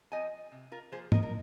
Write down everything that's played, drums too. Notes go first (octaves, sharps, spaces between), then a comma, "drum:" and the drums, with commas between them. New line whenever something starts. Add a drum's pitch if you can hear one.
F3 C4 D#5 G#5
C3
F4 A#4
F3 A#3 G#4 C5
A#4 D#5, drum: tom
A#4